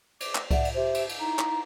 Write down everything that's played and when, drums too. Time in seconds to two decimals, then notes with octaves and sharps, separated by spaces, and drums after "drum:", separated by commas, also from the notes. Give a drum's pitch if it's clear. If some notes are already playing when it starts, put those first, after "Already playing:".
0.20 D6, drum: cymbal
0.35 drum: clap
0.51 D5 E5 F#5, drum: kick C2, cymbal
0.65 drum: cymbal
0.75 G4 C5 E5
0.94 drum: cymbal
1.09 drum: cymbal
1.19 D#4 E4 A#5
1.39 drum: clap